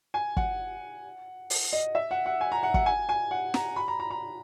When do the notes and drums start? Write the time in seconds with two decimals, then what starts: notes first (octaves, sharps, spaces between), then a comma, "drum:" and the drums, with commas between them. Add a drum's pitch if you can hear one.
0.14 G#5
0.37 F#5, drum: kick
1.50 drum: open hi-hat
1.73 D#5
1.95 E5
2.11 F#5
2.26 F#5
2.41 G#5
2.52 A#5
2.63 F#5
2.74 F#5, drum: kick
2.86 G#5
3.09 G#5
3.31 F#5
3.54 A#5, drum: snare
3.76 B5
3.88 A#5
4.00 A#5
4.10 A#5